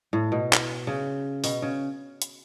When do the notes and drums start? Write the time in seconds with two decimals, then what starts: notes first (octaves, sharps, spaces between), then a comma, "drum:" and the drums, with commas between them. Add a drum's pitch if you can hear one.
0.13 A2
0.32 B2
0.53 drum: clap
0.87 C#3
1.44 B2, drum: open hi-hat
1.62 C#3
2.22 drum: hi-hat